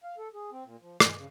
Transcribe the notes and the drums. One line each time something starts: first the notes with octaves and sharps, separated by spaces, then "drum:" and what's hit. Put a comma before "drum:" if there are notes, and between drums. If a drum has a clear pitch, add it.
F5
A4
G#4
C4
A#2
F3
G#3, drum: rim click
C#3